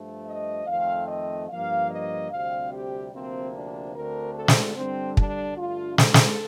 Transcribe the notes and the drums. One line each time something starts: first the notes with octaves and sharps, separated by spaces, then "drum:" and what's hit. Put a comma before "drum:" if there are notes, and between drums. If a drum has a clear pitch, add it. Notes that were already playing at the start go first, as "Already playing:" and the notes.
Already playing: G2 F3 A3
D#5
F2 D#3 A3 C4 F5
D#5
G2 F3 A#3 F5
D#5
D2 C3 G3 C4 F5
G4
D2 C3 F3 A#3 C4
D4
D2 D3 A3 C4 A#4
A4
drum: snare
G2 D3 G3 C4
D4, drum: kick
G2 D3 A3 F4
A4, drum: snare
drum: snare